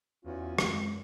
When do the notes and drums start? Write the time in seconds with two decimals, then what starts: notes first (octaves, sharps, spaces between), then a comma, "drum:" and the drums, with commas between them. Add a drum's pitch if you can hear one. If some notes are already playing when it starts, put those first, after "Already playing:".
0.25 E2 C#4 F4 F#4
0.58 F#2 G#3 B3 C4, drum: rim click